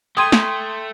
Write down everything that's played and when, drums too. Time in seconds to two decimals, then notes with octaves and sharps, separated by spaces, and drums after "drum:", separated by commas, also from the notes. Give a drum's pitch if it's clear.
0.17 A3 G5 C6 D#6 G#6 D#7
0.32 drum: snare